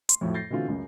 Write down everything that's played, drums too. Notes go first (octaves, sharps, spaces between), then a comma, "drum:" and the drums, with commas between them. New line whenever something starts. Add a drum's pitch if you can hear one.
C6, drum: hi-hat
F2 A2 F3 F#3
G6 A6 A#6 C7
B2 D3 E3 C4 F4 F#4
C#2 F#2